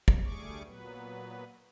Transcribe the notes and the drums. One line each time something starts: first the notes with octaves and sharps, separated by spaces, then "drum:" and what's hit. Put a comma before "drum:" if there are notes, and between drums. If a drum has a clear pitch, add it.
drum: kick
D2 G3 A3 G#4 C#6 D6
A#2 F#3 B3 B4